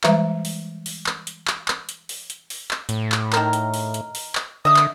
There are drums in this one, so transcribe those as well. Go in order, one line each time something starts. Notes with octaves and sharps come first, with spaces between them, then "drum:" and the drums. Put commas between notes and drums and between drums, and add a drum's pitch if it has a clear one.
E3 G3 G#3 B4 E5 A#5, drum: clap
drum: open hi-hat
drum: open hi-hat
drum: clap
drum: hi-hat
drum: clap
drum: clap
drum: hi-hat
drum: open hi-hat
drum: hi-hat
drum: open hi-hat
drum: clap
A2, drum: hi-hat
drum: clap
D#3 A#4, drum: clap
drum: hi-hat
drum: open hi-hat
drum: hi-hat
drum: open hi-hat
drum: clap
D3 D#5 E5 D#6
drum: clap